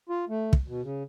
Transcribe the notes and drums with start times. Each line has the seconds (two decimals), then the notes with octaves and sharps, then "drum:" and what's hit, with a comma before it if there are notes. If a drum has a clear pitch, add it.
0.09 F4
0.29 A3
0.53 drum: kick
0.68 B2
0.83 C#3